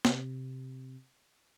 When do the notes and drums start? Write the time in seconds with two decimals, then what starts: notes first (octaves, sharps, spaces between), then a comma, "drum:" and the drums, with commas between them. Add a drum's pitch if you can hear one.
0.05 C3, drum: snare